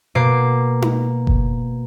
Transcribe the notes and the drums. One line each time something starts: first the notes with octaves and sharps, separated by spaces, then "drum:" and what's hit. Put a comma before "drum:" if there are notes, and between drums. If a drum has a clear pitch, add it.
B2 A#3 D6 C7
drum: tom D#4
drum: kick F#1